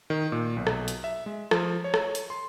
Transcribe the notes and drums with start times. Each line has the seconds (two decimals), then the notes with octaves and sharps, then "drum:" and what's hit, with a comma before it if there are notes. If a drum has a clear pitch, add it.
0.10 D#3
0.32 A#2
0.57 B1
0.67 drum: rim click
0.88 drum: hi-hat
1.04 E5
1.26 G#3
1.51 F3, drum: rim click
1.84 C#5
1.94 drum: rim click
2.15 drum: hi-hat
2.30 C6